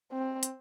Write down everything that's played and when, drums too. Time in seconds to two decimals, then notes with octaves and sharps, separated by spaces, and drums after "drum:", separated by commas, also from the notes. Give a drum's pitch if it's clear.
0.12 C4
0.43 drum: hi-hat